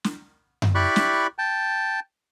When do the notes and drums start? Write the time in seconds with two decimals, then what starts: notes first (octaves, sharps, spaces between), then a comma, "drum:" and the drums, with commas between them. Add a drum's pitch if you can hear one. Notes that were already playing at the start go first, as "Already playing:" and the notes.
0.04 drum: snare
0.62 drum: tom F#2
0.75 E4 G4 D5 B5 C#6 F#6
0.96 drum: snare
1.38 G5 A5